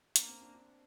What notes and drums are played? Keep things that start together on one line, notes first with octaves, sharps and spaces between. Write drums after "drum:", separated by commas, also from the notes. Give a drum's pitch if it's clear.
A#3 D4, drum: hi-hat
C4
D4
D4